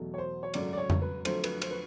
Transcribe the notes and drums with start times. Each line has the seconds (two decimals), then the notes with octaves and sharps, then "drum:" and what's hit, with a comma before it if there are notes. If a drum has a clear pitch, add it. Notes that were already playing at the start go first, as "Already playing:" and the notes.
Already playing: E2 B2 F#3 A3
0.14 C#5
0.18 C5
0.43 C#5
0.54 G#1 F#2 C#3 F#3 A3 D5, drum: cymbal
0.73 D5
0.77 C#5
0.90 drum: tom F2
1.02 B4
1.25 F2 D3 F#3 A3 C5, drum: cymbal
1.44 B4, drum: cymbal
1.62 C5, drum: cymbal
1.71 B4